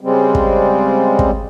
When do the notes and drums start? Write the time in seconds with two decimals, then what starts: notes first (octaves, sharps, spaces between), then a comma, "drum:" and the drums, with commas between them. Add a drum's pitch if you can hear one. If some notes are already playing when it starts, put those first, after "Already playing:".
0.01 C#3 G3 G#3 C4
0.35 drum: kick
1.19 drum: kick